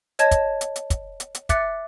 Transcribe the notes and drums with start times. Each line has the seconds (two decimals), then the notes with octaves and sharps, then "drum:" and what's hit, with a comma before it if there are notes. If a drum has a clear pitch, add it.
0.19 C#5 D#5 A5 G#6, drum: hi-hat
0.31 drum: kick, hi-hat
0.61 drum: hi-hat
0.76 drum: hi-hat
0.90 drum: kick, hi-hat
1.20 drum: hi-hat
1.35 drum: hi-hat
1.49 E5 D6 F#6 A6 C#7, drum: kick, hi-hat